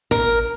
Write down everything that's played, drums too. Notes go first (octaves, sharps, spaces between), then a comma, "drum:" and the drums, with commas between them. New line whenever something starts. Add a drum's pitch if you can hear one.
A#4, drum: kick, hi-hat